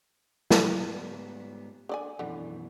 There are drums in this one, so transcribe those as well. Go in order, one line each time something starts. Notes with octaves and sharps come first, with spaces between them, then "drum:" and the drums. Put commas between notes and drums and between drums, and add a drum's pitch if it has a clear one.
drum: snare
G#2 G3 B3
D3 D5 G#5
F#2 B2 D3 E3